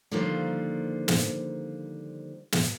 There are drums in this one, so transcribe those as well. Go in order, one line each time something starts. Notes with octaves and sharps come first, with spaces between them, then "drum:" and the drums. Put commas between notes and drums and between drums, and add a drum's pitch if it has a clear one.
D3 D#3 F3 G3 A#3 C5
drum: snare
drum: snare